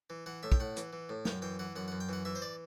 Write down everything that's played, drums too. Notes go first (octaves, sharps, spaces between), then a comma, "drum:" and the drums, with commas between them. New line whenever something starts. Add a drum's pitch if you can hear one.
E3
E3 F#5
A2 E5
G5, drum: kick
A2 F#5
E3, drum: hi-hat
E3
A2
F#2 G5, drum: snare
E3 G5
E3 F#5
F#2 F#5
F#5
F#2
G5
E3 F#5
E3 E5
C5
D5